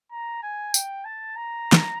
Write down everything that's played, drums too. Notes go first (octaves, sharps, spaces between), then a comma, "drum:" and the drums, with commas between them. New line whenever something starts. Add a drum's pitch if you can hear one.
A#5
G#5
G5, drum: tambourine
A5
A#5
drum: snare